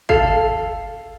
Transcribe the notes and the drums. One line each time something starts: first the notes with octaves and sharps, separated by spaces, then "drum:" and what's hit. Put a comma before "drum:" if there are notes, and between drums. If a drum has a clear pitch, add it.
A4 F5 C7, drum: kick